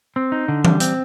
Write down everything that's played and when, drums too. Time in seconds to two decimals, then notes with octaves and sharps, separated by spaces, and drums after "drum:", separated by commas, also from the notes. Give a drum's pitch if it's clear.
0.16 C4
0.32 D#4
0.48 D3
0.65 G3, drum: tom E3
0.80 C4, drum: hi-hat